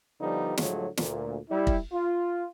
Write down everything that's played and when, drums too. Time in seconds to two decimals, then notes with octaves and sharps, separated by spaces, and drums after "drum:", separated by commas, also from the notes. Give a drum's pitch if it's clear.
0.19 D3 F3 G3 B3 D#4
0.58 A2 D3 F3 F#3 G#3, drum: snare
0.98 D2 A#2, drum: snare
1.49 G3 E4
1.67 drum: kick
1.92 F4